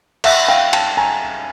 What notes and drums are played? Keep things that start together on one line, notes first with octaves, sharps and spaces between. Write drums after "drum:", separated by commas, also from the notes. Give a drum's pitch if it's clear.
E5 F#5, drum: cymbal
F5 G5
G5 A5, drum: cymbal
G#5 A#5